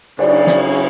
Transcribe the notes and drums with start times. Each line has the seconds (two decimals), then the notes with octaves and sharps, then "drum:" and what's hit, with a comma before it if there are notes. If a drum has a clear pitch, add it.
0.19 C#3 F#3 C#4 E4 D5, drum: cymbal
0.47 drum: snare